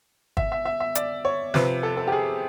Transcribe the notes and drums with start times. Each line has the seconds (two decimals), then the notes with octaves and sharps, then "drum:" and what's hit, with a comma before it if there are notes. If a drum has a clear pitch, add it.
0.37 E5, drum: kick
0.52 E5
0.65 E5
0.80 E5
0.95 D5, drum: hi-hat
1.25 C#5
1.54 C3 F3 B4, drum: snare
1.83 A4
1.97 A4
2.07 G4
2.12 G#4